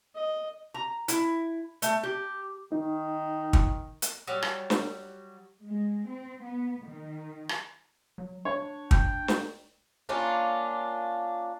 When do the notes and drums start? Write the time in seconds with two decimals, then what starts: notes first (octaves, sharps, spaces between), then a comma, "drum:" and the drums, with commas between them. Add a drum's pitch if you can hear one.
0.15 D#5
0.74 A#5
1.08 E4, drum: hi-hat
1.82 A3, drum: hi-hat
2.03 G4
2.72 D#3 D#4
3.53 drum: kick
4.02 drum: hi-hat
4.27 F#3 G3
4.42 drum: rim click
4.70 drum: snare
5.66 G#3
6.08 C4
6.42 B3
6.86 D#3
7.49 drum: rim click
8.18 F#3
8.45 D4 C#5
8.91 G5, drum: kick
9.28 drum: snare
10.09 A#3 C#4 D4 F4